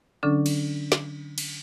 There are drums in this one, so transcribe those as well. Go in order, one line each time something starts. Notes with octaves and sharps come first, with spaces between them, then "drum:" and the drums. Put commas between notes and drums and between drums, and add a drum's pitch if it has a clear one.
D3 F#3 C#4 D4 A4
drum: cymbal
drum: snare
drum: cymbal